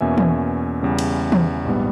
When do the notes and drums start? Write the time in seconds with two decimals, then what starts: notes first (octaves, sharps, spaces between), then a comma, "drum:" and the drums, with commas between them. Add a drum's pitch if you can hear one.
0.01 E2 B2 A#3 C#4 E5 G#5
0.18 drum: tom
0.83 E2 C#3 G3
0.99 drum: cymbal
1.32 drum: tom
1.65 A#1 G#2 G3 B3